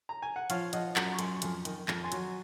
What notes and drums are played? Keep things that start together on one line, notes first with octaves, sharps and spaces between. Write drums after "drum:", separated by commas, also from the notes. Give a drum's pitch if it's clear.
A#5
G#5
F#5
F3 C#5 F5, drum: hi-hat
F3 D#5 F#5, drum: hi-hat
F#2 F#5 A#5, drum: clap
C#6
F#2 G#5 C6, drum: hi-hat
C#6
F2 G#5 C6, drum: hi-hat
D#3, drum: hi-hat
F2, drum: clap
G#5 C6
F#3, drum: hi-hat